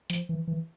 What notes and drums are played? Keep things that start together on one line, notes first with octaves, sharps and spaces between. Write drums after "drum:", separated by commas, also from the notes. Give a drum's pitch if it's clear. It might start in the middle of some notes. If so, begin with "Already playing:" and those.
F3, drum: hi-hat
E3
E3